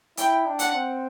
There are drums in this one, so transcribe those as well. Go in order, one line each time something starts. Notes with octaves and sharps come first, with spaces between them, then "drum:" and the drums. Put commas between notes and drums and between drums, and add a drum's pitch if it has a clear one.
E4 G5, drum: hi-hat
D4
F#5, drum: hi-hat
C4